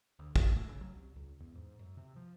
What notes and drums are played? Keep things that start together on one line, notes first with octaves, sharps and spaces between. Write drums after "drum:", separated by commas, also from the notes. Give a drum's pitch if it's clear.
D2
C3, drum: kick
A2
C#3
F#3
C2
C#2
E2
G#2
F#2
C3
F3